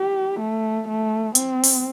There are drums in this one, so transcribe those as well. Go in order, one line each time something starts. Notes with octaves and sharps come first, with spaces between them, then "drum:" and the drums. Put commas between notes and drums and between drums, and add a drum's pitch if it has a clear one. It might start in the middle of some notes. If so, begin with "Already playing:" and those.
Already playing: G4
A3
A3
C4, drum: hi-hat
drum: open hi-hat